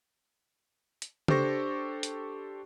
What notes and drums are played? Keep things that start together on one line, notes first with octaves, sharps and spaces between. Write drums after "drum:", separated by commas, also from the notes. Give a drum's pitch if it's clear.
drum: hi-hat
D4 G4 A4 C5 C#6 A#6, drum: tom C#3
drum: hi-hat